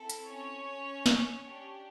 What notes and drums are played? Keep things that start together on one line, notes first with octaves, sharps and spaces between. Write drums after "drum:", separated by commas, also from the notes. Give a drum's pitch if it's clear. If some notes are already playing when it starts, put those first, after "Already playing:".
Already playing: C4 E4 A4
drum: hi-hat
C#4 C#5
drum: snare
D4 G4